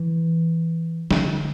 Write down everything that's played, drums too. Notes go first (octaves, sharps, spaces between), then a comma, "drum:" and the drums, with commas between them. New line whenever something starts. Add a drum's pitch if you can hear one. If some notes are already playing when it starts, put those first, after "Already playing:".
Already playing: E3
D3, drum: snare